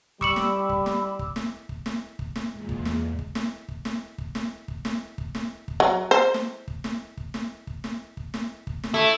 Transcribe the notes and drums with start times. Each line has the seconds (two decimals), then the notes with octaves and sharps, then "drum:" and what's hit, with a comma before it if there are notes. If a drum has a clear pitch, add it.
0.21 G3 B5 C#6 D6 E6 C#7 F#7, drum: kick
0.36 drum: snare
0.69 drum: kick
0.86 drum: snare
1.19 drum: kick
1.36 drum: snare
1.69 drum: kick
1.86 drum: snare
2.19 drum: kick
2.36 drum: snare
2.52 E2 A#2 G#3
2.69 drum: kick
2.85 drum: snare
3.19 drum: kick
3.35 drum: snare
3.68 drum: kick
3.85 drum: snare
4.18 drum: kick
4.35 drum: snare
4.68 drum: kick
4.85 drum: snare
5.18 drum: kick
5.35 drum: snare
5.68 drum: kick
5.80 F#3
6.11 C5
6.34 drum: snare
6.68 drum: kick
6.84 drum: snare
7.17 drum: kick
7.34 drum: snare
7.67 drum: kick
7.84 drum: snare
8.17 drum: kick
8.34 drum: snare
8.67 drum: kick
8.84 drum: snare
8.94 A3 E4